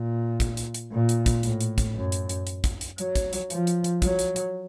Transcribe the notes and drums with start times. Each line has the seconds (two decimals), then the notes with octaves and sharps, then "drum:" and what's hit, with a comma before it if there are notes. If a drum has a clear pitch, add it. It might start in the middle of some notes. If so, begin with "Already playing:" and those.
Already playing: A#2
0.40 drum: kick, hi-hat
0.57 drum: hi-hat
0.74 drum: hi-hat
0.92 A#2
1.09 drum: hi-hat
1.26 drum: kick, hi-hat
1.43 A2, drum: hi-hat
1.61 drum: hi-hat
1.78 drum: kick, hi-hat
1.95 F#2
2.12 drum: hi-hat
2.29 drum: hi-hat
2.47 drum: hi-hat
2.64 drum: kick, hi-hat
2.81 drum: hi-hat
2.98 F#3, drum: hi-hat
3.15 drum: kick, hi-hat
3.33 drum: hi-hat
3.50 F3, drum: hi-hat
3.67 drum: hi-hat
3.84 drum: hi-hat
4.02 F#3, drum: kick, hi-hat
4.19 drum: hi-hat
4.36 drum: hi-hat